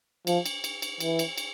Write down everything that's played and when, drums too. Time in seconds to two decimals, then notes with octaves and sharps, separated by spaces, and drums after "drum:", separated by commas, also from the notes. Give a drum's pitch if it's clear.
0.27 F3, drum: cymbal
0.46 drum: cymbal
0.64 drum: cymbal
0.82 drum: cymbal
1.00 E3, drum: cymbal
1.19 drum: cymbal
1.38 drum: cymbal